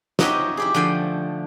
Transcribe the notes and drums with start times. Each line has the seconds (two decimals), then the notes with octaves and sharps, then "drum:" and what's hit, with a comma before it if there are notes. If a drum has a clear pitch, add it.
0.19 D#4 F#4 G4 C#5 D#5 E5, drum: snare
0.57 E4 G4 G#4
0.74 D3 F3 A3 G5 G#5 C6